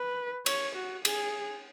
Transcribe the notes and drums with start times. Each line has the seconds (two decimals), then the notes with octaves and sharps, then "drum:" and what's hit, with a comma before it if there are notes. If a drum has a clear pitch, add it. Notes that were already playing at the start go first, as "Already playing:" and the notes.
Already playing: B4
0.46 C#5, drum: cymbal
0.76 F#4
1.05 G#4, drum: cymbal